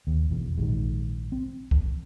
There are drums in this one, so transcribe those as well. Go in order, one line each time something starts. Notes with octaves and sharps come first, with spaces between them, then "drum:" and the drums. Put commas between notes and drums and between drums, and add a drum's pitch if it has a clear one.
D#2
B1 E2 B2 E3
A#1 G#2 B2 D#3
C4
drum: kick C2